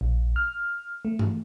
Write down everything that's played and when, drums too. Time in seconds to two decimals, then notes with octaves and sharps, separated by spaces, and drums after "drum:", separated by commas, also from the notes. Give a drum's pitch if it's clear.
0.01 A#1
0.36 F6
1.05 A3
1.19 drum: tom G2